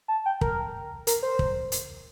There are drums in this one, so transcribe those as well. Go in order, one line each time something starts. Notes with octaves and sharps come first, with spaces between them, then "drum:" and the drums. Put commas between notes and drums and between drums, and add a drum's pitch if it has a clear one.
A5
G5
A#4, drum: kick
A#4, drum: hi-hat
C5
drum: kick
drum: hi-hat